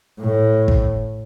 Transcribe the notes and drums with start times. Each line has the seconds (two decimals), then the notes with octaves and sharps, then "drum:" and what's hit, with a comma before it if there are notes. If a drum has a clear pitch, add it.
0.20 A2
0.68 drum: kick